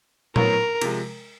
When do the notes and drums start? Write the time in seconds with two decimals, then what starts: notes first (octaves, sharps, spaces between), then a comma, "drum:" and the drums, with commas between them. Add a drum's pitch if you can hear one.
0.36 A2 F#3 B3 A#4, drum: tom A#2
0.81 C3 F3 G#3, drum: cymbal